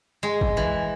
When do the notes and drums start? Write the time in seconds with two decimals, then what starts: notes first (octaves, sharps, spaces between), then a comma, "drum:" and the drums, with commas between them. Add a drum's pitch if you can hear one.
0.23 G#3
0.41 drum: kick
0.57 E3